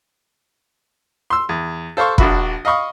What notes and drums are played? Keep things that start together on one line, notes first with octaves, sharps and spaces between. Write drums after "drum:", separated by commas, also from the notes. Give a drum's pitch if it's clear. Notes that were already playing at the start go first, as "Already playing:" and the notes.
C6 E6
E2
A4 C5 F5 C6 C#6
A#1 D4 F#4 E5 B5, drum: kick
D#5 F5 B5 C#6 D#6